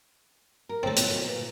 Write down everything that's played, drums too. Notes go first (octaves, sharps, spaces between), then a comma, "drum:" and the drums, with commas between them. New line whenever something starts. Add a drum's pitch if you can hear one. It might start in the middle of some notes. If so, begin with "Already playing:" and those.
A#4
A#2 A3 C4 D#4 A4 C#5
B3 F4, drum: hi-hat
A#2 F#4
B4